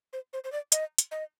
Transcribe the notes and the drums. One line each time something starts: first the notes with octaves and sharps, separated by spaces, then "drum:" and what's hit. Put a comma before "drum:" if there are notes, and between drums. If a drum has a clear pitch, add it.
C5
C5
C5
D5
D#5, drum: hi-hat
drum: hi-hat
D#5